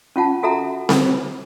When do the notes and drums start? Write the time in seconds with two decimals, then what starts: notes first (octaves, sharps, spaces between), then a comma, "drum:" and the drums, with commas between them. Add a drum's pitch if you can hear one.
0.16 C#4 F4 F#5 A5
0.43 F#4 A4 E5 F#5 A#5
0.89 drum: snare C4